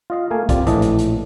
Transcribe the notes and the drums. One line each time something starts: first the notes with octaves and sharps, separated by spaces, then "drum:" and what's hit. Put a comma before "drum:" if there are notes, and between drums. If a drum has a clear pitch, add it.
F4 D#5 F5
A3 A#3 F5 G#5
C4 F4 G4 D5, drum: kick, hi-hat
A#1 A2 E3 A4 D5 D#5, drum: hi-hat
drum: hi-hat
drum: hi-hat